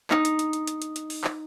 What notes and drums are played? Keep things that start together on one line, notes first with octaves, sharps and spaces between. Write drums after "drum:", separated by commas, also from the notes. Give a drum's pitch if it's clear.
D#4, drum: clap
drum: hi-hat
drum: hi-hat
drum: hi-hat
drum: hi-hat
drum: hi-hat
drum: hi-hat
drum: open hi-hat
drum: clap